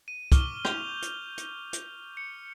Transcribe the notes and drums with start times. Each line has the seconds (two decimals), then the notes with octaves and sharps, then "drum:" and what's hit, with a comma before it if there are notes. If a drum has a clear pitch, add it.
0.08 D#7
0.32 C#6 D6 F6 G7, drum: kick, hi-hat
0.65 G6 F7 G7, drum: rim click
1.02 drum: hi-hat
1.38 drum: hi-hat
1.73 drum: hi-hat
2.17 C#7